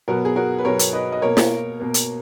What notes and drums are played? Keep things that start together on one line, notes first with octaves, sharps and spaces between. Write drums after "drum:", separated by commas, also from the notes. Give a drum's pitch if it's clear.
B2 F#3 B3 F#4 A#4
G#4
F#4 A#4
B4
B2 F#3 B3 A#4 C#5
drum: hi-hat
B4 D#5
D#5
B2 A#3 A#4 C#5
drum: snare
B2 A#3
drum: hi-hat